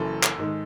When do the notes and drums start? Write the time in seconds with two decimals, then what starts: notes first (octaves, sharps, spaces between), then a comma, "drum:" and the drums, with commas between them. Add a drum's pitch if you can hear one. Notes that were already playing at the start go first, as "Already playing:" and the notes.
Already playing: F#1 F#2 E3 A4
0.23 drum: clap
0.38 G#2 D#3 G#3